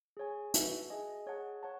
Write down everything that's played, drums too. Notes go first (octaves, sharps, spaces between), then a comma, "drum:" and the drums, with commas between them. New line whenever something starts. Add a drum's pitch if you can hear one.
G#4 C#5 G#5
F#4 B4 E5 A5, drum: hi-hat
G#4 D#5 G#5
G#4 C#5 F#5 A5
C#5 F#5 A5